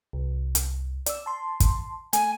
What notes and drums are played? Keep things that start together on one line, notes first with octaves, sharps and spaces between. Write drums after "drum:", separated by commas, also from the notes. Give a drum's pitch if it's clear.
C2
drum: hi-hat
D5 E6, drum: hi-hat
A5 C6
drum: kick, hi-hat
A3 G#5, drum: hi-hat